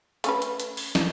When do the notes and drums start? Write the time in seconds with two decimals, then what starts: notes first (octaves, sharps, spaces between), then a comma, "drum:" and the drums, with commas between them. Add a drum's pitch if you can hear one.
0.24 A3 C#4 B4, drum: hi-hat
0.42 drum: hi-hat
0.60 drum: hi-hat
0.77 drum: open hi-hat
0.95 drum: snare